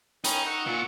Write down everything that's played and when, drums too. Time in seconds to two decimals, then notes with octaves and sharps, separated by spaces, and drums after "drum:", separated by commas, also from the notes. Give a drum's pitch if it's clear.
0.24 C#4 D#4 G5 B5, drum: hi-hat
0.46 F#5 C#6 E6
0.67 A#2